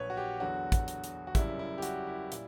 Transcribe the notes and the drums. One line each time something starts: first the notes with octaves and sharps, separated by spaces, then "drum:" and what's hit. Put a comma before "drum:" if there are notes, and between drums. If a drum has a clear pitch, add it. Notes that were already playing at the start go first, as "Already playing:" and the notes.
Already playing: A#1 A#2 F#3 B4 C#5
F#4
G4
E2 D3 F#3 F#4
drum: kick, hi-hat
drum: hi-hat
drum: hi-hat
F#4
F#1 F#2 C#3 G3 E4, drum: kick, hi-hat
E4
G4
F#4, drum: hi-hat
E4
A#2 G3, drum: hi-hat